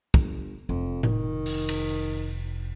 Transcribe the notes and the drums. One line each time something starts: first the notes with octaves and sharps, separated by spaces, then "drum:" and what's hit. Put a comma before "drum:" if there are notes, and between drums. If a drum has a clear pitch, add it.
G1, drum: kick
F1 F2
D#3, drum: tom A2
drum: open hi-hat
drum: cymbal